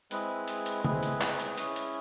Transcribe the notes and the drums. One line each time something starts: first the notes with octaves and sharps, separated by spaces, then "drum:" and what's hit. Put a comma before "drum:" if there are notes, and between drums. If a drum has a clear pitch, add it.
G#3 C4 E4 G#4 B4, drum: hi-hat
drum: hi-hat
drum: hi-hat
G#3 C4 E4 G#4, drum: tom C#3
drum: hi-hat
drum: clap
drum: hi-hat
C#4 E4 G#4, drum: hi-hat
drum: hi-hat